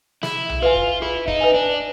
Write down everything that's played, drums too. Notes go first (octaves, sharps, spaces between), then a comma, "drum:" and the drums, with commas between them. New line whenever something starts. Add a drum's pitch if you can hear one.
E4 G#4, drum: snare
drum: tom B1
F4 B4 E5 G#5
drum: kick
E4 G#4
D#4, drum: kick
B4 E5 G#5
D4